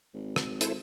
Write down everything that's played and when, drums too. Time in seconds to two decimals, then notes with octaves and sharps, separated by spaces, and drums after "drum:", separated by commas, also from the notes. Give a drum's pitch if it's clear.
0.14 G#1
0.36 drum: rim click
0.61 E4 A4 C5, drum: hi-hat